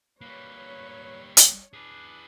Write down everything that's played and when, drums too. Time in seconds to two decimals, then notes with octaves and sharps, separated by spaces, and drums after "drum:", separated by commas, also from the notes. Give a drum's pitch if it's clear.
0.21 G3 A#3 B4 C#5
1.37 drum: hi-hat
1.74 D4 G#4 B4